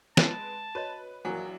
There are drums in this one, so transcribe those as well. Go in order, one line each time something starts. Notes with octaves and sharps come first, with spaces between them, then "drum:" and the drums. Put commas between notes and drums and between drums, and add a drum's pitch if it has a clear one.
G#3 B4 A5 E6, drum: snare
F#4 B4 C#5 D#5
A#1 E3 F#3 A#3 G#5